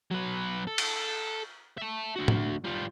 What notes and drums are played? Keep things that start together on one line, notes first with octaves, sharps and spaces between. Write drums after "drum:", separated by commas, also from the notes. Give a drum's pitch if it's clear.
F#3 B4
A4
drum: cymbal
E5 A5
D2 F#4
drum: tom
G3 F4